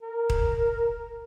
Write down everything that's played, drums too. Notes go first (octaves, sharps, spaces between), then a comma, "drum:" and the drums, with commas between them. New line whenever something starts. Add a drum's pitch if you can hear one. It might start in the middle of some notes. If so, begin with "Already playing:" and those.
A#4
drum: kick D#1